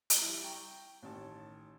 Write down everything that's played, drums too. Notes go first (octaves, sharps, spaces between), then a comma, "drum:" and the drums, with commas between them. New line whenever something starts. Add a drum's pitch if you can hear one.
drum: hi-hat
G3 E4
G5 A#5 C#6
A1 D#3 C#5 A5